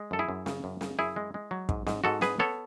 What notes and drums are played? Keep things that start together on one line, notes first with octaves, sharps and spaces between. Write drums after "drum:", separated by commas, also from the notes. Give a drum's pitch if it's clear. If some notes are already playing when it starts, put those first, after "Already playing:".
Already playing: G#3
F#2 A4
E4 G#4
F#2
C#3, drum: snare
F#2
C#3, drum: snare
F#2 E4 G#4
G#3
G#3
F#3
G#2, drum: kick
G#2, drum: snare
G#2 F#4 A4
B3 G#4 B4, drum: snare
B3 A4 C#5